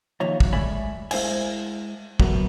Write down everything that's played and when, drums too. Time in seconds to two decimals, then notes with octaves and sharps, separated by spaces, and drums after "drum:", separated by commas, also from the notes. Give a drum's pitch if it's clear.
0.20 D#2 D#3 F3 C#5 E5 A#5
0.40 F#2, drum: kick
0.53 G#3 A3 D5 E5 G#5 B5
1.11 G#3 E4 C5 F5 G#5, drum: cymbal
2.20 F#3 A3 B3 F#4 A#4, drum: kick